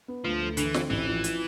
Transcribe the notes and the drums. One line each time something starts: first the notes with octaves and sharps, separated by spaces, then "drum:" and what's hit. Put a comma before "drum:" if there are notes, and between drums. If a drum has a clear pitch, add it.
B3
D2 F3
A3
D3 E3, drum: hi-hat
C4, drum: snare
A1 E3
F3
drum: hi-hat